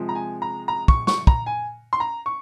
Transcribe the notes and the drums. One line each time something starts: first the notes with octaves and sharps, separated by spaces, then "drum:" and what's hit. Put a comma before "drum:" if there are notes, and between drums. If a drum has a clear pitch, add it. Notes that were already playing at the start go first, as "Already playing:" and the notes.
Already playing: C3 F3 G#3
A#5
G#5
A#5
A#5
C#6, drum: kick
C#6, drum: snare
A#5, drum: kick
G#5
C6
A#5
C#6